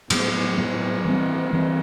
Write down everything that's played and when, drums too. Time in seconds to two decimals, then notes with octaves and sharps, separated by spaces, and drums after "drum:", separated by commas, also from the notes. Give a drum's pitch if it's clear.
0.10 A2 F#3 B3, drum: cymbal
0.57 A2 F#3 B3
1.05 E3 G3 C4
1.53 E3 G3 C4